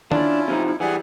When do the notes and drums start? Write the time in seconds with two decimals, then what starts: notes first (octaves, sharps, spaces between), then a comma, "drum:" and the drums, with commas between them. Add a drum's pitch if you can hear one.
0.12 C#4 D4 E4 F4, drum: tom D#3
0.48 C3 F3 D#4
0.66 E4
0.80 E3 G3 G#4 F#5 G#5